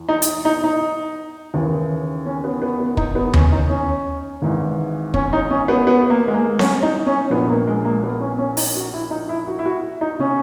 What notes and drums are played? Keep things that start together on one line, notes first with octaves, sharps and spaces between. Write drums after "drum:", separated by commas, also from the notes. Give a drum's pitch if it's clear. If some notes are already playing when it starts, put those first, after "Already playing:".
Already playing: E2
D#4
drum: hi-hat
D#4
D#4
D#2 C#3 E3
C#4
B3
B3
B3
D#4, drum: kick
B3
C#4, drum: tom D#2
D#4
C#4
G#1 G#2 E3
C#4, drum: kick
D#4
C#4
B3
B3
A#3
G#3
A#3
C#4, drum: snare C4
D#4
C#4
A#1 A#2 B3
A#3
G#3
A#3
B3
C#4
C#4
D#4, drum: open hi-hat
F#4
E4
D#4
E4
F#4
E4
F#4
D#4
C#3 C#4